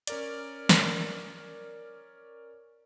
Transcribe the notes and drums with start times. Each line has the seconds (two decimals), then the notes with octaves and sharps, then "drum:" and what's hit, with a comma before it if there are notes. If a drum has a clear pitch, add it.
0.07 C#4 A#4 D5, drum: hi-hat
0.69 drum: snare